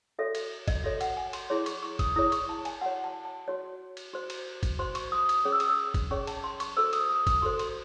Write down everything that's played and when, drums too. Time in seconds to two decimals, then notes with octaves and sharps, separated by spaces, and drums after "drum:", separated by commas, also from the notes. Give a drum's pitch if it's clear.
0.19 F#4 A4 C#5 E5
0.35 E5, drum: cymbal
0.68 D#5, drum: kick, cymbal
0.84 F#4 A4 C#5 E5
1.01 F#5, drum: cymbal
1.17 G#5
1.33 C6, drum: cymbal
1.50 E4 G#4 C#5 C6
1.66 C#6, drum: cymbal
1.83 C#6
1.99 D#6, drum: kick, cymbal
2.16 E4 G#4 C#5 D#6
2.32 C#6, drum: cymbal
2.49 A5
2.65 G#5, drum: cymbal
2.81 F#4 C#5 F#5
3.04 A5
3.25 A5
3.48 F#4 C#5
3.97 drum: cymbal
4.13 F#4 C5
4.30 drum: cymbal
4.63 drum: kick, cymbal
4.79 F#4 C5 C6
4.95 C#6, drum: cymbal
5.12 D#6
5.29 D#6, drum: cymbal
5.45 C#4 G#4 C#5
5.52 E6
5.60 D#6, drum: cymbal
5.67 E6
5.94 drum: kick, cymbal
6.11 C#4 G#4 C#5 C#6
6.27 A5, drum: cymbal
6.44 C6
6.60 C#6, drum: cymbal
6.77 F#4 A4 C5 E6
6.93 D#6, drum: cymbal
7.10 D#6
7.27 D#6, drum: kick, cymbal
7.42 F#4 A4 C5 C6
7.59 C6, drum: cymbal